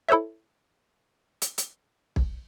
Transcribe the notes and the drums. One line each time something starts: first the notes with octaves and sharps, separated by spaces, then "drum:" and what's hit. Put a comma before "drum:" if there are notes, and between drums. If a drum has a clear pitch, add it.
E4 A4 C5 C#5 E5
drum: hi-hat
drum: hi-hat
drum: kick